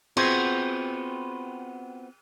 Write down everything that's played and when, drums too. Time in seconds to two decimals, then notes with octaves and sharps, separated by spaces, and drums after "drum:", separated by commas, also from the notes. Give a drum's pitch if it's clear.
0.17 B3 C4 F4 F#4 G#4 C5, drum: cymbal